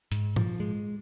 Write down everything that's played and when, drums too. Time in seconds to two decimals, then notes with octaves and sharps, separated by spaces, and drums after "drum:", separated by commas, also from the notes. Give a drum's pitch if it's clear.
0.12 G#2, drum: hi-hat
0.36 F3, drum: tom A2
0.60 G#3